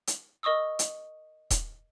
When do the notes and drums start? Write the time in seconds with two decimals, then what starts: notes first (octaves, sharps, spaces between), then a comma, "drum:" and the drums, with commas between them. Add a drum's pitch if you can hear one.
0.07 drum: hi-hat
0.43 A#4 D#5 C#6 D#6 E6
0.79 drum: hi-hat
1.50 drum: kick D#1, hi-hat